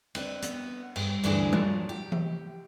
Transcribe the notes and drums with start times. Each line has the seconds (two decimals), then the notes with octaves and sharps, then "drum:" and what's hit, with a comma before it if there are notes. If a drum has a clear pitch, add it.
0.15 C4 B4 D5, drum: cymbal
0.42 B3, drum: hi-hat
0.96 G2, drum: cymbal
1.24 D2 G2 D3 E3 D4 G#4, drum: cymbal
1.53 A#2 F3 F#3, drum: tom G3
1.89 G4
2.12 drum: tom E3